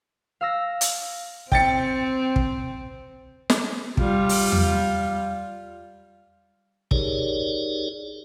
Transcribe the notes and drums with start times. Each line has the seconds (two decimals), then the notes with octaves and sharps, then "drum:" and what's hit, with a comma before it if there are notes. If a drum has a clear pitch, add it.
0.41 F5 E6 A#6
0.81 drum: hi-hat
1.52 C4 G5 A6 C#7, drum: kick
2.36 drum: kick
3.50 drum: snare
3.97 G3 F4, drum: kick
4.29 drum: open hi-hat
4.52 drum: tom E2
6.91 D#4 G4 G#4 A#4 C#5 D5, drum: kick